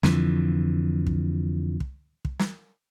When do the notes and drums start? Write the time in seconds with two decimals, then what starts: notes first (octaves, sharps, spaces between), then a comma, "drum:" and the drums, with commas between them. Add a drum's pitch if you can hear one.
0.03 F2 D3 E3 F3, drum: snare
1.07 drum: kick
1.80 drum: kick
2.25 drum: kick
2.39 drum: snare